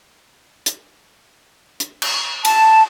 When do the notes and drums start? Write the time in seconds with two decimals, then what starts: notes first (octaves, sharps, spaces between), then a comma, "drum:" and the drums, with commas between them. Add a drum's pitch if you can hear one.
0.66 drum: hi-hat
1.80 drum: hi-hat
2.02 drum: cymbal
2.45 A5, drum: cymbal